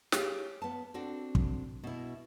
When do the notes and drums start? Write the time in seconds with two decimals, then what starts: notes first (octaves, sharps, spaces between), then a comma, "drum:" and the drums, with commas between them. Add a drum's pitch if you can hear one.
0.12 G4 G#4 C#5 F5, drum: snare
0.62 B3 A5
0.94 C4 D4 F#4 A4
1.35 drum: kick
1.84 B2 E4